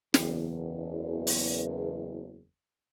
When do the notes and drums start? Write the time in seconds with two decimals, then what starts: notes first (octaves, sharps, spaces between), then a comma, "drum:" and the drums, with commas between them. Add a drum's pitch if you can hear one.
0.14 F#1 E2, drum: snare
1.27 drum: open hi-hat